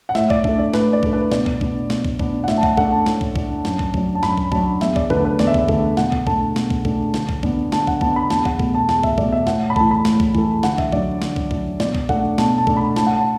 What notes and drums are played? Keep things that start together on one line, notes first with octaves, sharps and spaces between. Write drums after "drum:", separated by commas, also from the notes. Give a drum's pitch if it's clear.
F#5
A2 E5, drum: snare
D5, drum: kick
A3 D4 E5, drum: kick
D5
A2 B4, drum: snare
D5
A3 D4, drum: kick
B4
B2 D5, drum: snare
drum: kick
B3 D4, drum: kick
B2, drum: snare
drum: kick
B3 D4, drum: kick
F#5
A2 E5, drum: snare
A5
F#5, drum: kick
A3 D4 F#5, drum: kick
A5
A2, drum: snare
drum: kick
A3 D4, drum: kick
F#2, drum: snare
drum: kick
F#3 D4, drum: kick
A5
F#2 B5, drum: snare
drum: kick
F#3 D4 A5, drum: kick
E2 E5, drum: snare
D5, drum: kick
D3 A3 B4, drum: kick
B4
E2 D5, drum: snare
E5
D5, drum: kick
D3 A3 E5, drum: kick
B2 F#5, drum: snare
drum: kick
A3 D4 A5, drum: kick
B2, drum: snare
drum: kick
A3 D4, drum: kick
D3, drum: snare
drum: kick
B3 D4, drum: kick
D3 A5, drum: snare
F#5, drum: kick
B3 D4 A5, drum: kick
B5
E2 A5, drum: snare
F#5, drum: kick
B2 A3, drum: kick
A5
E2 A5, drum: snare
E5, drum: kick
B2 A3 D5, drum: kick
E5
A2 F#5, drum: snare
B5
E3 A3 A5, drum: kick
B5
A2, drum: snare
drum: kick
E3 A3, drum: kick
D3 F#5, drum: snare
E5, drum: kick
F#3 D4 D5, drum: kick
D3, drum: snare
drum: kick
F#3 D4, drum: kick
B2 D5, drum: snare
drum: kick
A3 D4 F#5, drum: kick
B2 A5, drum: snare
A5
A3 D4, drum: kick
B5
A2 A5, drum: snare
F#5
A5